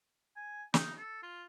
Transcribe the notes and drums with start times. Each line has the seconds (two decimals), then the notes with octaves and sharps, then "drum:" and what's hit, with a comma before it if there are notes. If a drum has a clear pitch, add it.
0.36 G#5
0.74 D#4, drum: snare
0.97 A4
1.23 F4